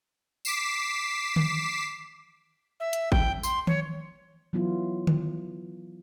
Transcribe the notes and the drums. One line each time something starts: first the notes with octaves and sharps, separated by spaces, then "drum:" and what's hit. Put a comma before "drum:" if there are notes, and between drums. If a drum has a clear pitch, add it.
D6 B6 C7 E7, drum: tambourine
drum: tom D3
E5
drum: hi-hat
G5, drum: kick G#1
C6, drum: tambourine
C#5, drum: tom D#3
E3 F#3 B3 E4 F4
drum: tom D3